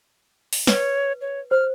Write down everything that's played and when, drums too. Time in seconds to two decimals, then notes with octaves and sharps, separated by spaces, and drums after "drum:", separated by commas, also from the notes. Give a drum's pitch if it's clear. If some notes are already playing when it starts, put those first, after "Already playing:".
0.53 drum: open hi-hat
0.67 B4 C#5, drum: snare
1.21 C#5
1.51 C5 F6